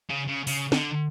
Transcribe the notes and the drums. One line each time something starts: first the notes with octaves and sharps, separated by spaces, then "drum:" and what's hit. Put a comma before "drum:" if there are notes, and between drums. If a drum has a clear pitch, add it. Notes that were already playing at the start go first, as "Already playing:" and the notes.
C#3
C#3
C#3, drum: open hi-hat
D3, drum: snare